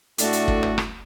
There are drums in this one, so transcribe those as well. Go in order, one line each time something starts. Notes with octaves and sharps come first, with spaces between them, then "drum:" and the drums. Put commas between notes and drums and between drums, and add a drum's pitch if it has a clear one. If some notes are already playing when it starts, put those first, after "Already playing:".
A2 A3 D4 F#4, drum: hi-hat
drum: hi-hat
drum: kick
drum: tom
drum: rim click